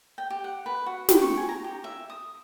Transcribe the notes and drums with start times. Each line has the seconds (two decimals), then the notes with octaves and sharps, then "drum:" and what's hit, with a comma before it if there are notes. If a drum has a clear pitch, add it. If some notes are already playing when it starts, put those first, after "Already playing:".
0.18 G5
0.30 G4
0.44 F#5
0.66 B4
0.86 F#4
1.09 G5, drum: snare
1.22 C#6
1.37 G#5
1.49 A#5
1.64 G4
1.84 E5
2.10 D#6